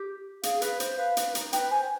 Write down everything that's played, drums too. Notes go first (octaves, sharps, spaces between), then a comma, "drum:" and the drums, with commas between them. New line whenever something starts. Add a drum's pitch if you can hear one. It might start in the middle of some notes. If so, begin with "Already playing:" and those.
Already playing: G4
G#4 F5, drum: hi-hat
B4, drum: hi-hat
C5, drum: hi-hat
B4 F5
B4, drum: hi-hat
D#4, drum: hi-hat
B4 G5, drum: hi-hat
C5 G#5